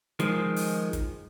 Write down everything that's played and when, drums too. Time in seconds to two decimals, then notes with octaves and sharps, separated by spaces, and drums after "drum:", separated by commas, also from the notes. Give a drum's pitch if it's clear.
0.20 D#3 F3 G#3, drum: hi-hat
0.56 drum: open hi-hat
0.93 drum: kick, hi-hat